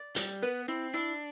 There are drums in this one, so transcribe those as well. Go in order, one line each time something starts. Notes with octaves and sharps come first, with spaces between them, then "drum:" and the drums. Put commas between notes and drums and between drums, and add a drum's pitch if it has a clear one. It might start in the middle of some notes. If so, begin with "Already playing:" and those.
Already playing: D5
G3, drum: hi-hat
B3 B4
C4 E4
D4 E4